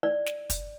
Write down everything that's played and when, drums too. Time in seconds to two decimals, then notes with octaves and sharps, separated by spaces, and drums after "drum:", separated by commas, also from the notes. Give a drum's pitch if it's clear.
0.03 D5
0.26 drum: snare
0.50 drum: kick, hi-hat